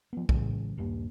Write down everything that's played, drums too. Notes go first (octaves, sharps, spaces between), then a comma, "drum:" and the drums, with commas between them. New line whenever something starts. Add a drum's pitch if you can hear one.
F3 B3
A2 C#3 E3 G#3, drum: kick
D#1 G2 G3 A#3